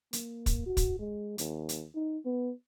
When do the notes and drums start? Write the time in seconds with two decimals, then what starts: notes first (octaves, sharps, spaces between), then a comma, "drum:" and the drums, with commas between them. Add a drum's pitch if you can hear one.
0.13 A#3, drum: hi-hat
0.46 drum: kick, hi-hat
0.66 F#4
0.77 drum: kick, hi-hat
0.99 G#3
1.38 D#2, drum: hi-hat
1.69 drum: hi-hat
1.95 D#4
2.25 B3